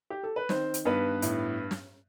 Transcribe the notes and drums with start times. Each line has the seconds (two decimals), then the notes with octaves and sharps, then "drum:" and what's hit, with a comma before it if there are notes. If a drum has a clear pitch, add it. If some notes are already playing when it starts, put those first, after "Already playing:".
0.10 G4
0.24 A4
0.36 B4
0.49 D#3 C4 C5, drum: snare
0.74 drum: hi-hat
0.85 G2 B3 B4
1.22 A2, drum: hi-hat
1.71 drum: snare